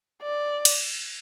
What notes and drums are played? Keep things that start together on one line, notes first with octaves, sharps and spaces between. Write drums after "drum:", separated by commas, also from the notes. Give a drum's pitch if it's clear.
D5
drum: cymbal